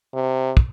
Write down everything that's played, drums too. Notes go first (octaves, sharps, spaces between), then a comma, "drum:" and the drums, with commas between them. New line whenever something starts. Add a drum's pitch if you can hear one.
C3
drum: kick